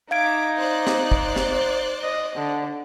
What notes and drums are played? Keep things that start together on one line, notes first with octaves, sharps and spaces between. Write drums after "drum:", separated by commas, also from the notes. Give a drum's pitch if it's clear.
D#4 E5 F5 D6 G#6 D7
C5 D5 F#6
drum: snare
drum: kick
drum: snare
D#5
D3